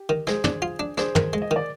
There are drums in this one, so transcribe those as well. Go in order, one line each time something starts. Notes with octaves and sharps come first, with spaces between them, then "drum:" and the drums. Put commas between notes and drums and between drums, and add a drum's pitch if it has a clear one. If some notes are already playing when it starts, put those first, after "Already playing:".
Already playing: G4
D#3
G#3 G#4 C5, drum: rim click
D4, drum: tom
F4
D4
D4 G#4 C5, drum: rim click
D#3, drum: tom
G#3
D#5
D#3 D5